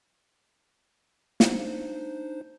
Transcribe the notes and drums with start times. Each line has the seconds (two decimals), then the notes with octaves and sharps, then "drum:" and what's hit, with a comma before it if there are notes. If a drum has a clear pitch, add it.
1.40 D4 D#4 C5, drum: snare